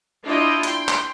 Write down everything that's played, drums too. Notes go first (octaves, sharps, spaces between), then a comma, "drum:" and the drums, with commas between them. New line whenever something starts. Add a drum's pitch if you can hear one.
D4 E4 F4 D#5 G5
G5 C6, drum: hi-hat
drum: clap